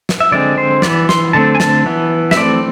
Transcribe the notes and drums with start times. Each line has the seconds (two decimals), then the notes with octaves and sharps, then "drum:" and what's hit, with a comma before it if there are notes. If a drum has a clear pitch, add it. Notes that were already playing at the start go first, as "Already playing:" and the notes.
0.09 drum: snare
0.20 E5
0.32 D3 G#3 C4 D5
0.58 C5
0.82 E3 B3 D5, drum: snare
1.09 C6, drum: snare
1.33 D3 A3 C4 A5
1.55 G#5
1.60 A5, drum: snare
1.86 E3 B3
2.31 E5, drum: snare
2.36 E3 A3 C4 D5